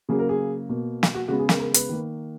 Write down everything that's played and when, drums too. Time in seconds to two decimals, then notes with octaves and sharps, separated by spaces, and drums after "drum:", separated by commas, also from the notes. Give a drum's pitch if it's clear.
0.09 C#3 F#3 A#3 G#4
0.19 A#4
0.29 G#4
0.69 B2 A#3
1.03 drum: snare
1.14 F#4
1.28 C#3 G#3 B3 F#4
1.39 G#4
1.49 A#4, drum: snare
1.59 A#4
1.74 B4, drum: hi-hat
1.89 D#3 A#3